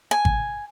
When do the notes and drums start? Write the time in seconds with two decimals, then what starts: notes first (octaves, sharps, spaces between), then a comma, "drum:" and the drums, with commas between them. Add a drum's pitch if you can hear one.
0.11 G#5
0.25 drum: kick